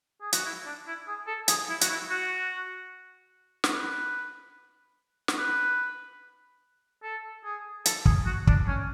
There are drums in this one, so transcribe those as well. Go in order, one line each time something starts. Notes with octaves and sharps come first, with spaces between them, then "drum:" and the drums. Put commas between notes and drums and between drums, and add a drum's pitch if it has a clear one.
G#4
F#4, drum: hi-hat
E4
D4
E4
G#4
A4
G#4, drum: hi-hat
E4
F#4, drum: hi-hat
E4
F#4
drum: snare
B4
drum: snare
B4
A4
G#4
A4, drum: hi-hat
G#4, drum: kick
F#4
D4, drum: kick
C#4